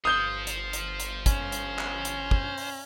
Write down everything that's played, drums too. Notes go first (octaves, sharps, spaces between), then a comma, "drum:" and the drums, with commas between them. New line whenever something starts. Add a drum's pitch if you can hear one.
G1 C5 F5 D#6 G6 G7
drum: hi-hat
drum: hi-hat
drum: hi-hat
C#4, drum: kick, hi-hat
drum: hi-hat
drum: clap
drum: hi-hat
drum: kick
drum: open hi-hat